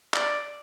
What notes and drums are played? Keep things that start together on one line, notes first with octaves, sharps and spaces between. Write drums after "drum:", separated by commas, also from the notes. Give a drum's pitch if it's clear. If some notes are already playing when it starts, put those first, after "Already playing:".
D5, drum: clap